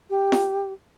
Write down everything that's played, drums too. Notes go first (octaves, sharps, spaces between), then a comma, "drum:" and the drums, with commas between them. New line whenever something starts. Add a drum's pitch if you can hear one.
G4
drum: snare F4